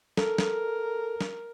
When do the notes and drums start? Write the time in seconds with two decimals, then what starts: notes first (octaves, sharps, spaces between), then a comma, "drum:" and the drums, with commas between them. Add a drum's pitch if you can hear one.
0.17 A4 A#4, drum: snare
0.38 drum: snare
1.21 drum: snare